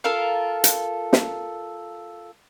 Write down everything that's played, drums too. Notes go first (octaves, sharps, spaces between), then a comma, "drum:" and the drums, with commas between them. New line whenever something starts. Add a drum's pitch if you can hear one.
F4 A4 A#4 F5
drum: hi-hat
drum: snare